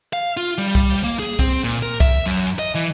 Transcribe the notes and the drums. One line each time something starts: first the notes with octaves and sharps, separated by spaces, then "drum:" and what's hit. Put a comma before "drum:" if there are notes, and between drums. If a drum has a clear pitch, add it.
F5
F4
G3, drum: hi-hat
drum: kick C2, hi-hat
drum: open hi-hat
A#3
G#4
C4, drum: kick C2, hi-hat
A#2
A#4
E5, drum: kick C2, hi-hat
F#2
D#5
E3